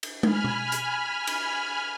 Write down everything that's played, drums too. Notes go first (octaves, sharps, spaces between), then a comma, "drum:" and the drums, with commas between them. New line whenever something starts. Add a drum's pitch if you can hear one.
drum: cymbal
G#5 B5 F6, drum: tom
drum: tom
drum: hi-hat
drum: cymbal